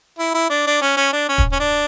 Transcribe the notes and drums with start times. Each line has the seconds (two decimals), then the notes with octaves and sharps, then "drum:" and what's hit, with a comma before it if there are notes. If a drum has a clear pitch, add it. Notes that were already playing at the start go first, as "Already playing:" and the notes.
0.19 E4
0.34 E4
0.50 D4
0.67 D4
0.81 C#4
0.97 C#4
1.13 D4
1.29 C#4
1.38 drum: kick
1.52 C#4
1.60 D4